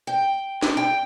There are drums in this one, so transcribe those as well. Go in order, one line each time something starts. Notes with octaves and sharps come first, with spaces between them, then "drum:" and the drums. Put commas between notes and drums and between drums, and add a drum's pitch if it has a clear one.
G5
drum: snare
G5